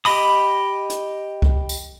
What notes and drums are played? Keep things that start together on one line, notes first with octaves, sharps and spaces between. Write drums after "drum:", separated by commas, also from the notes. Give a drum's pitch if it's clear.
G4 D#5 B5 D#6, drum: open hi-hat
drum: hi-hat
drum: kick C#2
drum: tambourine